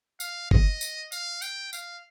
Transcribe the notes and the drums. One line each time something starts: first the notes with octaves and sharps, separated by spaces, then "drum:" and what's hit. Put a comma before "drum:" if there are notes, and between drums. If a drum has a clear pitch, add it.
F5, drum: tambourine
D#5, drum: kick G1
drum: tambourine
F5, drum: tambourine
G5, drum: tambourine
F5, drum: tambourine